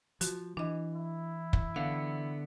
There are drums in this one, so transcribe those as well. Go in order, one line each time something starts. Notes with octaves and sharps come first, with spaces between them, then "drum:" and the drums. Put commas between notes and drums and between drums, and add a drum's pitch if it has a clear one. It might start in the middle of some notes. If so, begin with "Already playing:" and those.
F3 F#4, drum: hi-hat
E3 D4 D#5
E4
drum: kick
D3 B3 F5